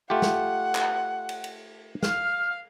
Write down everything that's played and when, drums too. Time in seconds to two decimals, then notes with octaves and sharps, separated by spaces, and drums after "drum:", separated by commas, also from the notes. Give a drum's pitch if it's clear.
0.10 A3 F4 G4 F#5
0.22 drum: snare
0.75 drum: clap
1.29 drum: cymbal
1.44 drum: cymbal
2.03 F5 F6, drum: snare